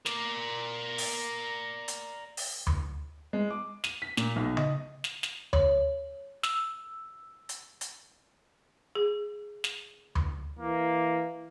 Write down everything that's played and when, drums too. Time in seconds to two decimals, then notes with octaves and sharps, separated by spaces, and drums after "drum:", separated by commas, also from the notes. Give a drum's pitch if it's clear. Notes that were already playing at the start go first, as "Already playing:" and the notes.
0.06 A#4 D5, drum: snare
0.98 drum: open hi-hat
1.88 drum: hi-hat
2.37 drum: open hi-hat
2.67 drum: tom D2
3.33 G#3
3.51 D6
3.84 D#7, drum: snare
4.02 B6
4.17 A#2, drum: snare
4.36 B1
4.57 D#5, drum: tom C#3
5.04 drum: snare
5.23 drum: snare
5.53 C#5, drum: tom D2
6.43 E6, drum: snare
7.49 drum: hi-hat
7.81 drum: hi-hat
8.95 G#4
9.64 drum: snare
10.15 drum: tom D2
10.59 E3 A#3